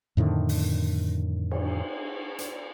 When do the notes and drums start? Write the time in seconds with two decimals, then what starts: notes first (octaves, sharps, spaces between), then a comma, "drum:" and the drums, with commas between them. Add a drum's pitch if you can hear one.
0.17 F2 A2 D3 D#3
0.49 drum: open hi-hat
1.51 drum: cymbal
2.39 drum: hi-hat